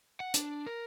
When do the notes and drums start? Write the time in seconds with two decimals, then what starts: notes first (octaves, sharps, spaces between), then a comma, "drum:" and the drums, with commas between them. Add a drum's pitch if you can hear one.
0.20 F#5
0.34 D4, drum: hi-hat
0.66 A#4